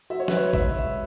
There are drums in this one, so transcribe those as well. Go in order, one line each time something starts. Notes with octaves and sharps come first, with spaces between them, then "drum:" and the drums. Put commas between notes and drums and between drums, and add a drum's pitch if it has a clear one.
F#4 E5
C#5
B4, drum: snare
C#5
G#3 E5, drum: kick